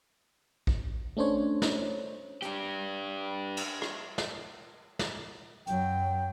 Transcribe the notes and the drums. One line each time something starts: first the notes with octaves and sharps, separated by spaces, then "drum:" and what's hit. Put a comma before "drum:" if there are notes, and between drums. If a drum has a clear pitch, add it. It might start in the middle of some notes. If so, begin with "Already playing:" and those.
drum: kick A1
A3 C#4 D4 C5 C#5
drum: snare
D4 G4, drum: hi-hat
drum: cymbal
drum: rim click
drum: snare
drum: snare
F#2 F#3 G5, drum: hi-hat